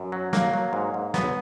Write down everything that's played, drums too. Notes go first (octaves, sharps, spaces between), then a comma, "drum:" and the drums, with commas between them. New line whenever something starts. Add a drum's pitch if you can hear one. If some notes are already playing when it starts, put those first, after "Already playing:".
Already playing: F#2
F#3
F#3 A#3, drum: snare
F#3
G#2
G#2
F#3 B3, drum: snare